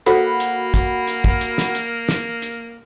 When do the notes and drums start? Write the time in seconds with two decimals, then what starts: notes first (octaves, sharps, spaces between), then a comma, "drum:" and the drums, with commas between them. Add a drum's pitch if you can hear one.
0.06 A#3 F#4 A4 C5 F#5 B5, drum: hi-hat
0.40 drum: hi-hat
0.74 drum: kick, hi-hat
1.08 drum: hi-hat
1.24 drum: kick
1.41 drum: hi-hat
1.58 drum: snare
1.75 drum: hi-hat
2.09 drum: snare
2.42 drum: hi-hat